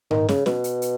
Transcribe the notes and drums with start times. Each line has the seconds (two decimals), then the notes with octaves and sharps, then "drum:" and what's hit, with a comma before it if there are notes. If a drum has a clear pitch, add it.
0.11 D#3, drum: tom G#2
0.29 C#3, drum: snare
0.46 B2, drum: snare
0.64 drum: hi-hat
0.82 drum: hi-hat